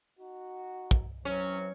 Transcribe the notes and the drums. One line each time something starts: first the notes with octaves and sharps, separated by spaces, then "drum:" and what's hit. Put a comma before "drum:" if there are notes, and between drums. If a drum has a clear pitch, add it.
D#4 F#4
drum: kick
C3 E3 F#3 C#4